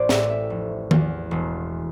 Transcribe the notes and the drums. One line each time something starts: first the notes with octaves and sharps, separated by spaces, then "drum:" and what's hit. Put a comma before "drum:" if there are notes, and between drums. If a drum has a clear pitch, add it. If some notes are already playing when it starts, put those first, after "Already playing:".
Already playing: A1 C5 D5
A2 E5, drum: snare
E5
F1
E2, drum: tom D#3
E1